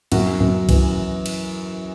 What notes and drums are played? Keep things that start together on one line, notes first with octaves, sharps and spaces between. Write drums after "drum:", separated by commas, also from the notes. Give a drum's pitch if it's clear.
F#2 F#4, drum: cymbal
F#2
E3, drum: kick, cymbal
drum: cymbal